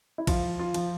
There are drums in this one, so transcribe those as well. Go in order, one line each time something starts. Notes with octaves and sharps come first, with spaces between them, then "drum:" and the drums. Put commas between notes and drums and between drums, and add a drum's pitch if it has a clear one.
E4
F3 F4, drum: kick A#1, cymbal
F4
F3, drum: cymbal